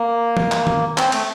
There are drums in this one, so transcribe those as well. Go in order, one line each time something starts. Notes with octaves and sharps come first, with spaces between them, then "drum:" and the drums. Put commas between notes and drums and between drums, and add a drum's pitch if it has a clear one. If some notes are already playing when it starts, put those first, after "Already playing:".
Already playing: A#3
drum: tom
drum: clap
drum: tom
C4, drum: clap
A3, drum: cymbal